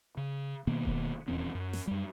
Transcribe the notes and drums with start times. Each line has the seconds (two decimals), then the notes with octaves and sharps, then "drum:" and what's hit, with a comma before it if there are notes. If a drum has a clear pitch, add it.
0.17 C#3
0.67 B2 D#3 A#3 B3
0.85 drum: kick D#1
1.28 D#1 E2 C4 C#4
1.55 F#2
1.73 drum: snare
1.87 F#2 G3